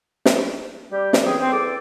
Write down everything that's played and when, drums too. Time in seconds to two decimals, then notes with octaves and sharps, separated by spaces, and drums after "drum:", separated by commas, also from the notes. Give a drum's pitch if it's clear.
0.25 drum: snare
0.91 G3 G4
1.13 drum: snare
1.24 C#3 E3 G3 C4 G#4
1.40 C4
1.52 E2 A4 D6